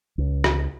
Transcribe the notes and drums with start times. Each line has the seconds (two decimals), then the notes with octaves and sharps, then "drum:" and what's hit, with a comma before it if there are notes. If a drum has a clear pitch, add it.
0.18 C#2
0.44 drum: rim click